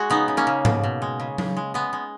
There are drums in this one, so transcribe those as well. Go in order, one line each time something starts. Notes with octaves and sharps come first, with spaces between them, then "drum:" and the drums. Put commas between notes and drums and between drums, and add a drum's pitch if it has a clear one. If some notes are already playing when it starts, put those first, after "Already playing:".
Already playing: G#3 F#4 G#4
C#3 B3 D#4
C#3
A#3 C#4
C#3
B2, drum: tom G#2
B2
G#3
C#3
C#3, drum: tom F#3
G#3
G#3 B3
G#3